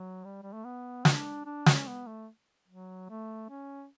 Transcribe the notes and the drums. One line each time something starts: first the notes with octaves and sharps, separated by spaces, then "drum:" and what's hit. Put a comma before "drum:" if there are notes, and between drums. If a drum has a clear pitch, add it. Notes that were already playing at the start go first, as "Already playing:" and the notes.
Already playing: F#3
G3
G3
A3
B3
D4, drum: snare
D4
C#4, drum: snare
B3
A3
F#3
A3
C#4